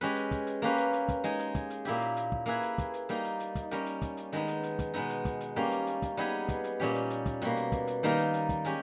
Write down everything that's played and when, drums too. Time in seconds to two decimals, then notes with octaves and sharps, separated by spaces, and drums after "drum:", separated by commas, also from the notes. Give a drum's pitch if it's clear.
0.01 G#3 C#4 G4 B4, drum: hi-hat
0.16 drum: hi-hat
0.31 drum: kick, hi-hat
0.47 drum: hi-hat
0.62 A#3 C#4 G4 B4
0.78 drum: hi-hat
0.93 drum: hi-hat
1.09 drum: kick, hi-hat
1.24 G#3 D#4 G#4, drum: hi-hat
1.39 drum: hi-hat
1.55 drum: kick, hi-hat
1.70 drum: hi-hat
1.85 A#2 A#3 E4 G4, drum: hi-hat
2.01 drum: hi-hat
2.17 drum: hi-hat
2.32 drum: kick
2.46 A#3 E4 G#4 B4, drum: hi-hat
2.63 drum: hi-hat
2.78 drum: kick, hi-hat
2.94 drum: hi-hat
3.09 G3 A#3 D#4, drum: hi-hat
3.25 drum: hi-hat
3.40 drum: hi-hat
3.55 drum: kick, hi-hat
3.71 G3 C#4 G4 A#4, drum: hi-hat
3.86 drum: hi-hat
4.02 drum: kick, hi-hat
4.17 drum: hi-hat
4.33 D#3 G#3 B3 D#4, drum: hi-hat
4.48 drum: hi-hat
4.63 drum: hi-hat
4.79 drum: kick, hi-hat
4.94 B2 G#3 B3 D#4, drum: hi-hat
5.10 drum: hi-hat
5.25 drum: kick, hi-hat
5.41 drum: hi-hat
5.56 G3 A#3 C#4 G4
5.71 drum: hi-hat
5.87 drum: hi-hat
6.02 drum: kick, hi-hat
6.17 G3 B3 D#4 G#4, drum: hi-hat
6.49 drum: kick, hi-hat
6.64 drum: hi-hat
6.80 A#2 G3 C#4 G4
6.95 drum: hi-hat
7.10 drum: hi-hat
7.26 drum: kick, hi-hat
7.42 B2 G3 A#3, drum: hi-hat
7.57 drum: hi-hat
7.72 drum: kick, hi-hat
7.87 drum: hi-hat
8.03 D#3 G3 A#3 D#4 A#4, drum: hi-hat
8.18 drum: hi-hat
8.34 drum: hi-hat
8.49 drum: kick, hi-hat
8.65 G#3 C#4 G4, drum: hi-hat